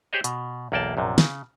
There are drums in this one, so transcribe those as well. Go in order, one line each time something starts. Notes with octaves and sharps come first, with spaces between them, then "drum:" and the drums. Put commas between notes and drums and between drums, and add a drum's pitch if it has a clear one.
G4 G#4 C5 C#5 D#5
B2, drum: hi-hat
B1 E2 A#3 D5 G5 A5
A#1 F#2 C3
C#3, drum: snare